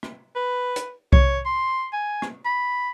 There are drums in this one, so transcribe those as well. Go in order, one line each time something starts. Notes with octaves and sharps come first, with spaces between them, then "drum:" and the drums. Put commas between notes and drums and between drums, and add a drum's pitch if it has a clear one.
drum: rim click
B4
drum: hi-hat
C#5, drum: kick B1
C6
G#5
drum: rim click
B5